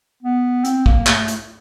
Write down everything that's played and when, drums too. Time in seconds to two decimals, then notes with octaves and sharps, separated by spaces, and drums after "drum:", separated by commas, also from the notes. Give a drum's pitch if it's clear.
0.23 B3
0.64 C4, drum: hi-hat
0.86 A#3, drum: kick A#1
1.07 A3, drum: clap
1.28 drum: hi-hat